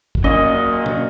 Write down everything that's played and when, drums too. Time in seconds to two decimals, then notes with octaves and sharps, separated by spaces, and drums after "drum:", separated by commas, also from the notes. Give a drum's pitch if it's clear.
0.15 drum: kick
0.24 A#2 F#3 A#3 C#4 D#5
0.86 drum: tom